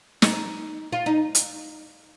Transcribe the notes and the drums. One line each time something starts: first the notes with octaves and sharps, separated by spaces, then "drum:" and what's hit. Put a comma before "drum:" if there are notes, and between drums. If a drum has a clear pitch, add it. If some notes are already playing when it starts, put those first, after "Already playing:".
D#4, drum: snare
F4
D#4
drum: hi-hat